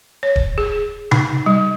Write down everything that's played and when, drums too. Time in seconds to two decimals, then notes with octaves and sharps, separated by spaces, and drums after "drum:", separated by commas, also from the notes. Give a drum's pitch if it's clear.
0.23 C#5
0.36 drum: kick D#1
0.58 G#4
1.11 D#4, drum: tom C3
1.46 G3